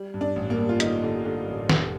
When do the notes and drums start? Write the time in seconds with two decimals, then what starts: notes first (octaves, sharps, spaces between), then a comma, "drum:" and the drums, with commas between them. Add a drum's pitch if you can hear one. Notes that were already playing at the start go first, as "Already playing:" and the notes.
Already playing: G3
0.14 G2
0.21 D4
0.36 A1
0.50 A#3
0.58 G3
0.69 F4
0.80 D3 D#4, drum: hi-hat
1.03 D3
1.25 D3
1.48 A1
1.69 F1, drum: snare